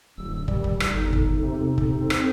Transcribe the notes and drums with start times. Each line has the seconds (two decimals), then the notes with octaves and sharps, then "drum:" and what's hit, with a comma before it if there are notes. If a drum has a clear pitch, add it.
0.18 D1 F#2 E6
0.48 D#3 G3, drum: kick
0.64 drum: kick
0.80 drum: rim click
0.91 G1 E2 D#4 A4
1.13 drum: kick
1.43 C3
1.78 drum: kick
2.01 C4
2.10 drum: rim click